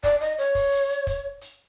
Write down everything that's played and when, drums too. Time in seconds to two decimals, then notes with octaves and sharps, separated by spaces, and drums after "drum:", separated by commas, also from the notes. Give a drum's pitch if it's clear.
0.04 D5, drum: kick, hi-hat
0.21 D#5, drum: hi-hat
0.38 C#5, drum: hi-hat
0.55 drum: kick, open hi-hat
0.72 drum: hi-hat
0.90 drum: hi-hat
1.07 drum: kick, hi-hat
1.41 drum: hi-hat